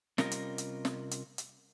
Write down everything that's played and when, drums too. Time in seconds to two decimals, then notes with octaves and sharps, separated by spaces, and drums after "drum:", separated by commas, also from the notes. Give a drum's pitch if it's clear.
0.18 C3 G3 C#4 F4 A#4 D#5, drum: snare
0.31 drum: hi-hat
0.58 drum: hi-hat
0.85 drum: snare
1.11 drum: hi-hat
1.38 drum: hi-hat